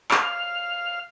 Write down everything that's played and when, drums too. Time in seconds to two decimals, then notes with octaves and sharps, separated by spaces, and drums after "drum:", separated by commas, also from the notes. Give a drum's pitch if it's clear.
0.11 drum: clap
0.22 F5